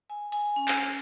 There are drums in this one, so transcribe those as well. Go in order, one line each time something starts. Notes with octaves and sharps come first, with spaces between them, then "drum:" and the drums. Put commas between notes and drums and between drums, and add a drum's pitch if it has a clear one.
G#5
G#5, drum: hi-hat
C#4
drum: clap
drum: hi-hat